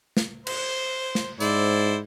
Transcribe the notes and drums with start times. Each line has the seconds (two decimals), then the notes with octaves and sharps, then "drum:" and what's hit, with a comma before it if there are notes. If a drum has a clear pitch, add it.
0.17 drum: snare
0.47 C5, drum: cymbal
1.15 drum: snare
1.40 G#2 E4 C5 D5, drum: tambourine